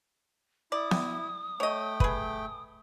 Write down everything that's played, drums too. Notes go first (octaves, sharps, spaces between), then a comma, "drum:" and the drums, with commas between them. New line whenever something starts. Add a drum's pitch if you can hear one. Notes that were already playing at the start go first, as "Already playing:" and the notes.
E4 D5 D#6
drum: snare B3
A3 C#5 D#5 G5
G#4 B4, drum: kick